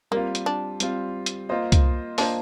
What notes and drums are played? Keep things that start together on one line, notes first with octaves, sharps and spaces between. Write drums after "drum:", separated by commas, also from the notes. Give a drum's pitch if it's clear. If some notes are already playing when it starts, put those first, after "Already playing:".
G3 A#3 C4 F4
drum: hi-hat
D4
G3 C4 F4, drum: hi-hat
drum: hi-hat
A#3 F4 C5 D#5
drum: kick C2, hi-hat
A#3 D4 F4 C5 D#5, drum: open hi-hat